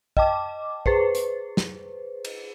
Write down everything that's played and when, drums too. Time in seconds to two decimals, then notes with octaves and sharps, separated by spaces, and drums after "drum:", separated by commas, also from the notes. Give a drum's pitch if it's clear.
0.17 D#5 G5 A5 D6, drum: kick
0.86 G#4 B4 C5, drum: kick
1.15 drum: hi-hat
1.57 drum: snare
2.25 drum: cymbal